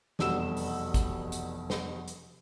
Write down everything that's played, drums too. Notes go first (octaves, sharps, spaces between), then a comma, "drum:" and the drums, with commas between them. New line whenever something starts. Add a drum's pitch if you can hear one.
F1 E2 B2 G3 E6 E7, drum: snare
drum: open hi-hat
drum: kick, hi-hat
drum: hi-hat
drum: snare
drum: hi-hat